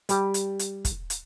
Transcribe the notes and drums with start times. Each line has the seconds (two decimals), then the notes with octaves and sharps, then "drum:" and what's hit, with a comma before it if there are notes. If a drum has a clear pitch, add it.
0.09 G3 G4, drum: hi-hat
0.34 drum: hi-hat
0.59 drum: hi-hat
0.85 drum: kick, hi-hat
1.10 drum: hi-hat